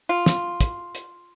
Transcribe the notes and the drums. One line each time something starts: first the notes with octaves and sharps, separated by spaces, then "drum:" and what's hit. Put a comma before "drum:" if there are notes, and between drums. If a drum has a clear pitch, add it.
F4
drum: snare
drum: kick, hi-hat
drum: hi-hat